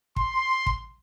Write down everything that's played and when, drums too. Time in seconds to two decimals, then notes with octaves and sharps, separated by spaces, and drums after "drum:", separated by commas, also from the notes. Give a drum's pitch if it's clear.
0.16 C6, drum: kick
0.66 drum: kick